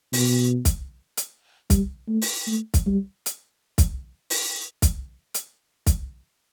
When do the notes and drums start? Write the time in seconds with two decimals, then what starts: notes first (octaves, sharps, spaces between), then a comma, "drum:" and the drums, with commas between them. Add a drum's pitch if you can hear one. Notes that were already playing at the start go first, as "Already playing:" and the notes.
0.13 B2, drum: open hi-hat
0.65 drum: kick, hi-hat
1.17 drum: hi-hat
1.70 G3, drum: kick, hi-hat
2.09 A3
2.22 drum: open hi-hat
2.47 A3
2.74 drum: kick, hi-hat
2.87 G3
3.26 drum: hi-hat
3.78 drum: kick, hi-hat
4.30 drum: open hi-hat
4.82 drum: kick, hi-hat
5.34 drum: hi-hat
5.87 drum: kick, hi-hat